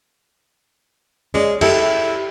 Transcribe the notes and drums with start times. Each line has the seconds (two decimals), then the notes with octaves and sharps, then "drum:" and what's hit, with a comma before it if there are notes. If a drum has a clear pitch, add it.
1.34 G#3 C#4 D5
1.61 E4 G4 A4, drum: cymbal